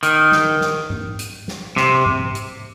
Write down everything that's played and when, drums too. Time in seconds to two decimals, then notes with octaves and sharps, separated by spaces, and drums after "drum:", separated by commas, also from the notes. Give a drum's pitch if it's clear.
0.03 D#3, drum: hi-hat
0.32 drum: snare
0.61 drum: snare
0.90 drum: tom G#2
1.19 drum: hi-hat
1.48 drum: snare
1.76 C3, drum: snare
2.06 drum: tom G#2
2.35 drum: hi-hat